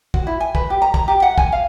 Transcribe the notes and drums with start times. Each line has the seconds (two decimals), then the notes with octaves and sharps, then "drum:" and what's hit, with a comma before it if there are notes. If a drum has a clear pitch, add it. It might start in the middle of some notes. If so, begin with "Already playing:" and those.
0.14 F#4, drum: kick
0.27 E4
0.40 G#5
0.55 B4, drum: kick
0.70 G4
0.82 A#5
0.94 A#5, drum: kick
1.08 G4
1.22 F#5
1.38 G#5, drum: kick
1.52 F5